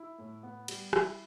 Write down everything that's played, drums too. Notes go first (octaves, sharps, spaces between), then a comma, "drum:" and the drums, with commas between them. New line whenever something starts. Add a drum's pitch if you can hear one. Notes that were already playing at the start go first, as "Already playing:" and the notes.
Already playing: E4
A2
B3
G3, drum: cymbal
E4, drum: rim click